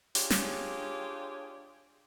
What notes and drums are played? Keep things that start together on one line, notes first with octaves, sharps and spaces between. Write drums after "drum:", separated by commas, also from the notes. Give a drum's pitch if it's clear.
D4 F4 G4 G#4 C#5, drum: hi-hat
drum: snare